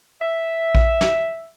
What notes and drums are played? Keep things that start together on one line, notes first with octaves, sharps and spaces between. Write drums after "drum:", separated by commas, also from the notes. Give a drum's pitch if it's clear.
E5
drum: kick A#1
drum: snare